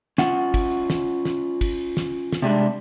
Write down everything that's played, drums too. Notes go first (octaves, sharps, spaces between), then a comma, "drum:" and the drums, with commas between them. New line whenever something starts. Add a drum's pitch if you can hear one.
C#4 F4 F#5, drum: snare
drum: kick, cymbal
drum: snare
drum: snare
drum: kick, cymbal
drum: snare
drum: snare
C3 G3 G#3 D4